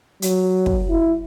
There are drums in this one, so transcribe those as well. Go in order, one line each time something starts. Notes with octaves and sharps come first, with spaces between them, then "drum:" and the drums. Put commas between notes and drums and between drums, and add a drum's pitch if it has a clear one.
F#3, drum: hi-hat
drum: kick
E4